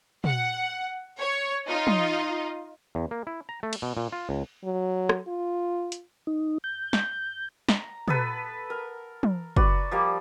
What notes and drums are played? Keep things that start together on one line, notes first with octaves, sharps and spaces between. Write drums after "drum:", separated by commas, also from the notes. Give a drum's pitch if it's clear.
F#5, drum: tom
C#5
D#4 F4 D#5
drum: tom
E2
A#3
E4
A#5
A3
drum: cymbal
B2
A#2
F4
C#2
F#3
drum: rim click
F4
drum: hi-hat
D#4
G6
drum: snare
A#5, drum: snare
B3 A4 B4, drum: tom
A#4
drum: tom
F#4 B4 D5, drum: kick
F3 G3 A#3